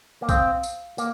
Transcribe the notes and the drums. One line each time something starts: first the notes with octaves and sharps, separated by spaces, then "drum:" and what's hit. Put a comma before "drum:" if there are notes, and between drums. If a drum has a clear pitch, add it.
A#3
C4 F5 D#6 G6, drum: kick, tambourine
drum: tambourine
A#3, drum: tambourine